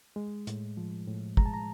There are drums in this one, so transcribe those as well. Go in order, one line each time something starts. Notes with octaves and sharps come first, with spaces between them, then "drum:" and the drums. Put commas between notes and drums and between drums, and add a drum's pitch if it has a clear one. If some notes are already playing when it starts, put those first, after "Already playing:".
G#3
A2, drum: hi-hat
F3
A2
G#3 A#5, drum: kick
A5
A#5